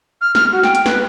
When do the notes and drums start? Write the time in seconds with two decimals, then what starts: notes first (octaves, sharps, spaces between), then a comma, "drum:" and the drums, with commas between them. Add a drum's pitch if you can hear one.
0.21 F6
0.35 F6, drum: snare
0.52 F#4
0.63 G5, drum: snare
0.75 drum: hi-hat
0.86 B4, drum: snare